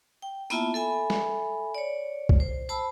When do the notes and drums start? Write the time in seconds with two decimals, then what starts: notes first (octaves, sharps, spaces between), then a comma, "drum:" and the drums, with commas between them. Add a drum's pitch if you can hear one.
0.22 G5
0.50 A#3 B3 E4 F4 E5 A5, drum: tambourine
0.74 A4 E5 G#5 B5
1.10 drum: snare
1.75 C#5 D5
2.29 drum: kick C2
2.40 C5
2.69 C5 A5 B5 E6